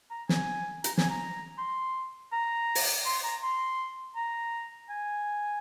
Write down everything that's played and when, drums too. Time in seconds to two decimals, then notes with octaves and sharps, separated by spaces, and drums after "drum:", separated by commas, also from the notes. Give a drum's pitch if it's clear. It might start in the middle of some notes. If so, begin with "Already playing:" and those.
0.10 A#5
0.29 G#5, drum: snare
0.84 A#5, drum: hi-hat
0.98 G#5, drum: snare
1.10 A#5
1.58 C6
2.33 A#5
2.75 drum: open hi-hat
3.06 C6
3.24 A#5
3.42 C6
4.16 A#5
4.90 G#5